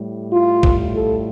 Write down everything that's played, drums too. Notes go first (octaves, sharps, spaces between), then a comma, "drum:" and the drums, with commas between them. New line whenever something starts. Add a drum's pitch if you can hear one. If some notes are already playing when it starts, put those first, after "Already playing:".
Already playing: A2 G3
F4
drum: kick
A4